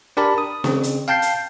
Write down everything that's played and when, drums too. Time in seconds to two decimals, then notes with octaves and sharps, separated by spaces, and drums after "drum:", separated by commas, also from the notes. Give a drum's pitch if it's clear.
0.17 D4 G4 A#4 D5 A5 B5
0.38 D#6
0.64 C#3 C4, drum: snare
0.83 drum: hi-hat
1.08 F5 G5 A5 G6 C7
1.22 drum: hi-hat